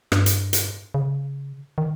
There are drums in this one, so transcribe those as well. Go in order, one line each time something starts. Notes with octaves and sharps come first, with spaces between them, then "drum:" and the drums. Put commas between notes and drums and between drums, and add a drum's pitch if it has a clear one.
G2, drum: rim click
drum: hi-hat
drum: hi-hat
C#3
D#3